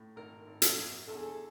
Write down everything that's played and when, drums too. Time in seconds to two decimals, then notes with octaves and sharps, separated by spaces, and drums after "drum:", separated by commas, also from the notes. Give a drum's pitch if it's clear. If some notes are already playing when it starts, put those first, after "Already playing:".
Already playing: A2
0.16 G#1 A#4
0.47 G#1
0.62 A4, drum: hi-hat
0.77 F#2
1.08 E2 A4
1.15 G#4
1.22 A4